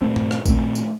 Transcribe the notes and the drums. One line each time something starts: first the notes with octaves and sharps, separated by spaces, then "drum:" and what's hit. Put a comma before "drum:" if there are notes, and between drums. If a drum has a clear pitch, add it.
A#2 A3 C4
drum: tom G2
drum: rim click
A#2 A3 C4, drum: kick, tambourine
drum: tambourine